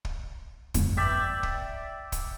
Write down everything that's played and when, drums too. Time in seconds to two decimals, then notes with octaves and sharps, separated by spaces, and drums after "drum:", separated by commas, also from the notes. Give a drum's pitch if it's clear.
0.05 drum: kick
0.74 G1 F2 G#2, drum: kick, hi-hat
0.97 D5 E5 G5
1.43 drum: kick
2.12 drum: kick, hi-hat